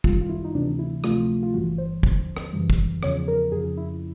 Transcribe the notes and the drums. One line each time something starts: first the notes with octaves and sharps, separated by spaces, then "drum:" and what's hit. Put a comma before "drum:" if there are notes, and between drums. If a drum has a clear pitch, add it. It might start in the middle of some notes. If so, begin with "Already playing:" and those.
F#2 D#3 G3 F4, drum: kick
F4
E4
D#4
D2 C3 E3 D4
E4
D2 C3 F3 A3 F4, drum: rim click
F4
G1 G2 E3 G3 F#4
C5
D#2 D3 F3, drum: kick
drum: rim click
F#2 C#3 E3 G3
drum: kick
E2 C#3 F3 C#5, drum: rim click
A#4
F2 C#3 F3 G#4
E4